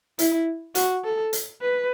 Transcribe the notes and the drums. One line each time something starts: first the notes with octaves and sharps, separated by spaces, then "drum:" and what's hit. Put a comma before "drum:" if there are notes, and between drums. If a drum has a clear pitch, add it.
E4, drum: hi-hat
F#4, drum: hi-hat
A4
drum: hi-hat
B4